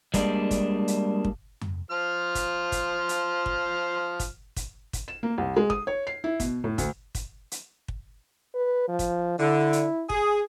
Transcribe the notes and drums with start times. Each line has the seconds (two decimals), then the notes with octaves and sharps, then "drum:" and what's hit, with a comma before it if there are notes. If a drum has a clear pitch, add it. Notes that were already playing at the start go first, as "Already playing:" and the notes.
0.14 G3 G#3 A#3 D4, drum: kick, hi-hat
0.51 drum: kick, hi-hat
0.88 drum: hi-hat
1.25 drum: kick
1.61 drum: tom F2
1.91 F3 C5 F6
2.35 drum: kick, hi-hat
2.72 drum: kick, hi-hat
3.09 drum: hi-hat
3.46 drum: kick
4.20 drum: kick, hi-hat
4.56 drum: kick, hi-hat
4.93 drum: kick, hi-hat
5.08 E7
5.23 A#3
5.38 C2
5.57 G#3
5.70 D#6, drum: kick
5.87 C#5
6.07 C7
6.24 E4
6.40 B2, drum: kick, hi-hat
6.64 A2
6.78 D2, drum: kick, hi-hat
7.15 drum: kick, hi-hat
7.52 drum: hi-hat
7.88 drum: kick
8.54 B4
8.88 F3
8.99 drum: kick, hi-hat
9.39 D3 E4
9.73 drum: hi-hat
10.10 G#4, drum: kick